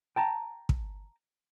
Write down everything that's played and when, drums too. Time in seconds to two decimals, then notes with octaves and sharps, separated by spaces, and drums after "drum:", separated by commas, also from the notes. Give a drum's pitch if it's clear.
0.16 G5 A5 A#5
0.69 drum: kick